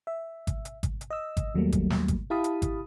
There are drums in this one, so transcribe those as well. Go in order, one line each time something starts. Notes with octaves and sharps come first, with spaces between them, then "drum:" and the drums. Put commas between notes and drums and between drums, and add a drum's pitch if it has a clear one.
E5
drum: kick G#1, hi-hat
drum: hi-hat
drum: kick G#1, hi-hat
drum: hi-hat
D#5 E6
drum: kick G#1, hi-hat
D#2 F#3 G3 A3 A#3
drum: kick G#1, hi-hat
drum: snare
drum: kick G#1, hi-hat
E4 G4 F5 A5 B5 D#6
drum: hi-hat
drum: kick G#1, hi-hat